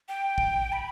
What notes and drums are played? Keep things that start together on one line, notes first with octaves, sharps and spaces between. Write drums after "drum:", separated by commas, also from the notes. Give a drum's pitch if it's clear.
G5
drum: kick
B5